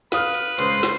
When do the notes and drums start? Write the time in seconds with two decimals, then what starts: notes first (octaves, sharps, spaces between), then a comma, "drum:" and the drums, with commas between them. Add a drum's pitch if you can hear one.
0.12 B4 F5 D#6 F6, drum: snare
0.34 drum: hi-hat
0.59 C#2 C5, drum: hi-hat
0.83 drum: snare